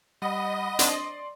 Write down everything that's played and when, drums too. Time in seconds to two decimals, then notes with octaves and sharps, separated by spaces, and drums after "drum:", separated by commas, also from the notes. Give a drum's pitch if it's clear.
0.22 G3 D#5 F#5 B5
0.79 C4 D4 D5 C6, drum: hi-hat